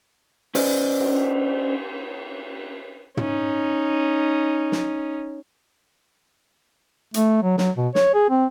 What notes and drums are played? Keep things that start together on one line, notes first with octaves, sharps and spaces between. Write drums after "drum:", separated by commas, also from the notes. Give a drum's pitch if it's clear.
C#4 B4 C5 D5 D#5, drum: open hi-hat
drum: cymbal
C#4 D#4, drum: tom
drum: snare
A3, drum: hi-hat
F#3
F#3, drum: snare
B2
C#5, drum: snare
G#4
C4